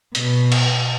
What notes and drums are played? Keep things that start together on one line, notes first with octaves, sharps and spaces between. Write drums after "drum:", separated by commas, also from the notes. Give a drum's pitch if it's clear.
B2, drum: hi-hat
drum: cymbal